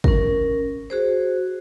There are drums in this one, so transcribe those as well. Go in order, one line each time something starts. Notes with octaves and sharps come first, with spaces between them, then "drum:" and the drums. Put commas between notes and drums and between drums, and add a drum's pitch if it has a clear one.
C#4 A#4, drum: kick
F#4 G#4 C5